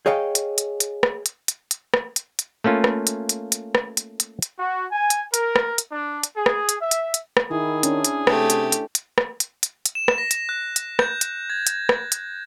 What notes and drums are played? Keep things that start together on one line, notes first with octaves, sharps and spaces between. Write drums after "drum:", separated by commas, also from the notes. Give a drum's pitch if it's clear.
G#4 C#5 D#5 F5 G5
drum: hi-hat
drum: hi-hat
drum: hi-hat
drum: rim click
drum: hi-hat
drum: hi-hat
drum: hi-hat
drum: rim click
drum: hi-hat
drum: hi-hat
A3 A#3 C#4 F4
drum: rim click
drum: hi-hat
drum: hi-hat
drum: hi-hat
drum: rim click
drum: hi-hat
drum: hi-hat
drum: hi-hat
F#4
G#5
drum: hi-hat
A#4, drum: hi-hat
drum: rim click
drum: hi-hat
D4
drum: hi-hat
G#4
drum: rim click
drum: hi-hat
E5
drum: hi-hat
drum: hi-hat
drum: rim click
D#3 E4 G#4
C#4 D4, drum: hi-hat
drum: hi-hat
C3 A3 G4, drum: rim click
drum: hi-hat
drum: hi-hat
drum: hi-hat
drum: rim click
drum: hi-hat
drum: hi-hat
drum: hi-hat
E7
drum: rim click
A#6
drum: hi-hat
F#6
drum: hi-hat
G6, drum: rim click
drum: hi-hat
G#6
drum: hi-hat
drum: rim click
drum: hi-hat